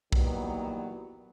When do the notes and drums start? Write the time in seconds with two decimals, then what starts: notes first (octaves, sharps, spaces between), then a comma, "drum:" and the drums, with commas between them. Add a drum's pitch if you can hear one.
0.12 A#2 D#3 E3 F#3 G3 B3, drum: kick